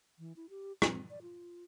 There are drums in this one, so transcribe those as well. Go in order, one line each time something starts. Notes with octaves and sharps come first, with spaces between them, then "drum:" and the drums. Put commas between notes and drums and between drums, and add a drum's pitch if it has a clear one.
E3
E4
G4
C4, drum: rim click
D5
F4